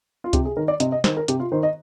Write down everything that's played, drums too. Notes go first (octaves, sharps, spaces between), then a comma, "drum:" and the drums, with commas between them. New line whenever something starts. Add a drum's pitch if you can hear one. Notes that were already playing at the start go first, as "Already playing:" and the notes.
F4
C3 G4, drum: kick C#2, hi-hat
G#4
D#3 A#4
D5
C3 D#5, drum: hi-hat
D#5
D#3 C5, drum: snare
A#4
C3 G4, drum: hi-hat
F4
D#3 C5
D#5